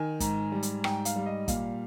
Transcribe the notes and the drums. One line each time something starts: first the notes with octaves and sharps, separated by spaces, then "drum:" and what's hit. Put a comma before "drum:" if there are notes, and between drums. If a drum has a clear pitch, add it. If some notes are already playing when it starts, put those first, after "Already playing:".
Already playing: D#3 G#5
G#2, drum: kick, hi-hat
G3
drum: hi-hat
G#2 G5, drum: rim click
F5, drum: hi-hat
G3
D#5
A#2 F5, drum: kick, hi-hat